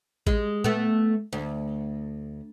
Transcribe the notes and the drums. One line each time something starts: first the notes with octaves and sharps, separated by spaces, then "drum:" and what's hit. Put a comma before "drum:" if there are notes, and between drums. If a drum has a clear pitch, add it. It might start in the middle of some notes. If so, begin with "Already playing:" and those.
G#3, drum: kick A1
A3 B3, drum: tom A#2
D2